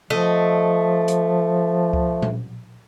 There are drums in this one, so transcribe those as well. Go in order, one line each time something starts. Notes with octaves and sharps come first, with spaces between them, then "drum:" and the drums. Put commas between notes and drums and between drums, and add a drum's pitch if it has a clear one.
F3 A3 D#5
drum: hi-hat
drum: kick C#2
drum: tom